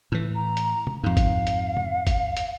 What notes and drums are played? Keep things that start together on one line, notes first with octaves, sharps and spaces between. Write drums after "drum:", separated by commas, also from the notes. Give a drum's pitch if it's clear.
A2 E3
A#5
drum: hi-hat
drum: tom
F2 G#2 F5
drum: kick G1, hi-hat
drum: hi-hat
drum: tom
drum: kick G1, hi-hat
drum: hi-hat